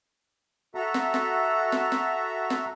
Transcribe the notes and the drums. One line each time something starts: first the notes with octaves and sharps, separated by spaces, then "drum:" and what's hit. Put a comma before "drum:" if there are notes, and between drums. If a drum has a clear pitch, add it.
F#4 A4 E5 A#5
drum: snare
drum: snare
drum: snare
drum: snare
drum: snare